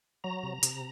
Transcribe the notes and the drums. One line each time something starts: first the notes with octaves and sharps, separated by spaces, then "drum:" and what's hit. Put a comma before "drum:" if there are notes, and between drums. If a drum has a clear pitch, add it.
F#3 A#5
C3
C3, drum: hi-hat